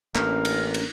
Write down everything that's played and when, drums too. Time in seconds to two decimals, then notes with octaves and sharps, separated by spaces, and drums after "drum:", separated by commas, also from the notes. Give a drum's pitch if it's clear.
0.15 A1 A#3 C#4 D4 A#4 F5, drum: clap
0.45 drum: cymbal
0.74 drum: cymbal